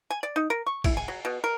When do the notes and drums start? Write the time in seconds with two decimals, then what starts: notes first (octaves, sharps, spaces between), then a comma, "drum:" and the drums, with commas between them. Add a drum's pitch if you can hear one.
0.10 G#5
0.23 D5
0.36 D#4
0.50 A#4
0.66 C#6
0.84 E4, drum: kick, cymbal
0.97 G#5
1.08 F#3
1.25 B2
1.44 A#4